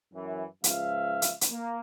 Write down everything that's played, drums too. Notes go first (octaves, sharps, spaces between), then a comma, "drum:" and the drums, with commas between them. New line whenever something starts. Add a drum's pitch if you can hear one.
F#2 E3
C#2 F3 F4 E5 F5, drum: hi-hat
drum: hi-hat
drum: hi-hat
A#3